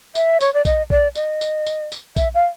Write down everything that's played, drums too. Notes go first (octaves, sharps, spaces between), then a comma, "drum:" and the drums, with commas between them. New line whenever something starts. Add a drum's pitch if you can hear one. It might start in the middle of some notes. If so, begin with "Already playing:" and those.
E5, drum: tambourine
C#5, drum: tambourine
D5
D#5, drum: kick A#1, tambourine
D5, drum: kick A#1
D#5, drum: tambourine
drum: tambourine
drum: tambourine
drum: tambourine
E5, drum: kick A#1, tambourine
F5